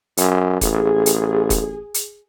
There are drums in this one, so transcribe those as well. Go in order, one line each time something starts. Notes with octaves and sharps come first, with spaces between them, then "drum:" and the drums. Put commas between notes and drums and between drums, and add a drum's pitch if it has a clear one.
F#2, drum: hi-hat
A1 G#4, drum: kick F1, hi-hat
drum: hi-hat
drum: kick F1, hi-hat
drum: hi-hat